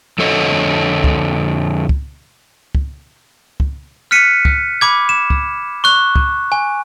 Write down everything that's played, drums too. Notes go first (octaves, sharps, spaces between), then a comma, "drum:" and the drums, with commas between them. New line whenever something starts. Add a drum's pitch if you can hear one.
F2 D3 A4 C#5 D#5
drum: kick
drum: kick
drum: kick
drum: kick
F6 F#6 B6 C#7 D#7
drum: kick
B5 D6 G#6
E7
drum: kick
C#6 F#6
drum: kick
G#5